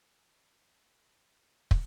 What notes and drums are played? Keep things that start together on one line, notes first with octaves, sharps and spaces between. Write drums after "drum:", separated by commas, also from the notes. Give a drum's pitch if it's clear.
A#2
drum: kick